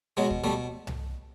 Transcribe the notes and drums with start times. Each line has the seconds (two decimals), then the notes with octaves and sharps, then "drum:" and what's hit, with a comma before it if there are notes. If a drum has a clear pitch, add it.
0.17 B2 F#3 G#3
0.30 drum: kick
0.44 B2 G3 A3
0.87 drum: tom C2